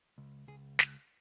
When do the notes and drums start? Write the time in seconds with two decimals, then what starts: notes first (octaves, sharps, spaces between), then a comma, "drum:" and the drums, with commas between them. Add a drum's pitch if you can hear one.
0.18 C#2
0.48 C#2 G#4
0.79 drum: snare